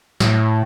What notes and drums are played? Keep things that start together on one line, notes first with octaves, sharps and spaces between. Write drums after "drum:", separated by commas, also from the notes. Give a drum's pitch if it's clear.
A2, drum: snare